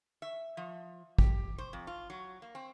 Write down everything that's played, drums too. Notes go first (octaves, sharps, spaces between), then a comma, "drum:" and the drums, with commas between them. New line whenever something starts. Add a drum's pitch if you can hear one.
E5
F3
G4, drum: kick
C5
F2
F4
F#3
A#3
C4